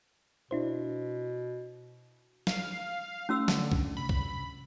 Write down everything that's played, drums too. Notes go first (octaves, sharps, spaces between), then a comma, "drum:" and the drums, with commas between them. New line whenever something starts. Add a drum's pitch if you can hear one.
B2 D4 E4 C5
F5, drum: snare
A3 C#4 F#4 E6
D3, drum: snare
drum: kick
C3 B5
drum: kick